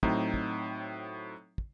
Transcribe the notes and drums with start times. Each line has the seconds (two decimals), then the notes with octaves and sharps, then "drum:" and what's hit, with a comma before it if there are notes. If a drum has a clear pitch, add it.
0.03 A2 F#3 C4 D#4, drum: kick
0.34 drum: kick
1.58 drum: kick